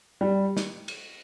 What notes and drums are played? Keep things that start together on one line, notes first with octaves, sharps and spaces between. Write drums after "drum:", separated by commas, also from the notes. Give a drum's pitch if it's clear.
G3
drum: snare
drum: cymbal